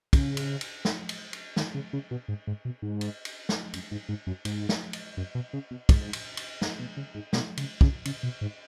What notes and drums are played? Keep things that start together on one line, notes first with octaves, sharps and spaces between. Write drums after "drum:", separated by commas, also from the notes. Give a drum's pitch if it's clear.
C#3, drum: kick, cymbal
drum: cymbal
drum: cymbal
drum: snare
drum: cymbal
drum: cymbal
D#3, drum: snare
C#3
C#3
B2
G#2
G#2
B2
G#2
drum: cymbal
drum: cymbal
drum: snare
F#2, drum: cymbal
G#2
G#2
F#2
G#2, drum: cymbal
drum: snare
drum: cymbal
F#2
B2
C#3
B2
G#2, drum: kick, cymbal
drum: cymbal
drum: cymbal
G#2, drum: snare
B2
C#3
G#2
B2, drum: snare
C#3, drum: cymbal
C#3, drum: kick
C#3, drum: cymbal
B2
G#2